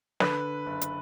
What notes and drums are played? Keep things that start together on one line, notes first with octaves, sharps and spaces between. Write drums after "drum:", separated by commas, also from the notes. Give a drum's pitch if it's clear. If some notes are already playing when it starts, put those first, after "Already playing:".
D3 B4, drum: snare
F#1
drum: hi-hat